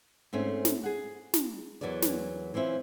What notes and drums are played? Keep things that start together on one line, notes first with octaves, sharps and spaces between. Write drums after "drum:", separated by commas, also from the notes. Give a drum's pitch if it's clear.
G#2 A3 C4 C#4
drum: snare
G#4 F#5
drum: snare
E2 D#3 E3 F#3 A#4 D5
drum: snare
E3 C4 C#4 E4 F4